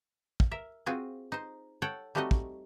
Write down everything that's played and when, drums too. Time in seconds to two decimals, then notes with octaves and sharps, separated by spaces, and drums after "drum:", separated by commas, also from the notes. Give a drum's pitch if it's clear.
0.40 drum: kick
0.51 A#4 E5
0.86 C4 F4 F#4 G#4
1.32 D#4 C5
1.82 A4 C#5 F#5 G5
2.15 G3 A3 C4 D#4 F#4 D#5
2.31 drum: kick